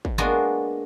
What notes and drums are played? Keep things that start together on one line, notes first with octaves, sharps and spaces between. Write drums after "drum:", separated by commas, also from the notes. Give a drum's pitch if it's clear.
drum: kick
G#3 A#3 B3 D4 F4 F#4